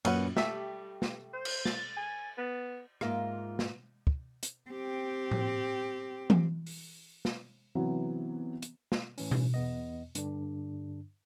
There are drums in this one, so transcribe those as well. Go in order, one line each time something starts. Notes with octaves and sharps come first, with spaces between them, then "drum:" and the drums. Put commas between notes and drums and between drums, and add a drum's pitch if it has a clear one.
F#2 A#2 C#4 B4 F#5, drum: cymbal
G3 A3 G4 E5, drum: snare
drum: snare
C5
drum: cymbal
A6, drum: snare
G#5
B3
G#2 A#3 F4 A#4 E5 F5, drum: rim click
drum: snare
drum: kick
drum: hi-hat
C4 G4
drum: tom A2
drum: tom E3
drum: open hi-hat
drum: snare
C3 E3 F#3 B3
drum: hi-hat
drum: snare
A2 E3 C#4, drum: open hi-hat
drum: tom B2
E2 B3 D#5
G2 D3 D4, drum: hi-hat